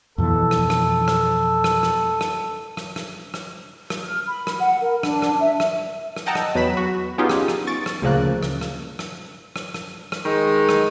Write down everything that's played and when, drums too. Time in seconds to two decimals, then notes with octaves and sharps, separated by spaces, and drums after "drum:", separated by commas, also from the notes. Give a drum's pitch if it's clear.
0.18 F2 B2 E3 A4
0.51 drum: rim click
0.70 drum: rim click
1.08 drum: rim click
1.64 drum: rim click
1.83 drum: rim click
2.21 drum: rim click
2.77 drum: rim click
2.96 drum: rim click
3.34 drum: rim click
3.90 drum: rim click
4.05 F6
4.27 B5
4.47 drum: rim click
4.59 F#5
4.81 A#4
5.03 D4, drum: rim click
5.22 drum: rim click
5.40 E5
5.60 drum: rim click
6.16 drum: rim click
6.26 D#5 F#5 G5 A5 A#5 E6
6.35 drum: rim click
6.55 E2 F#3 B4 B5 B6 E7
6.77 F#4
7.18 B3 C#4 D#4 F4 G4 G#4
7.30 drum: rim click
7.48 drum: rim click
7.67 C#6 A6 D7
7.86 drum: rim click
8.02 D2 A#2 C#3 F3 A#3 F#6
8.43 drum: rim click
8.61 drum: rim click
8.99 drum: rim click
9.56 drum: rim click
9.74 drum: rim click
10.12 drum: rim click
10.23 D#3 G#3
10.69 drum: rim click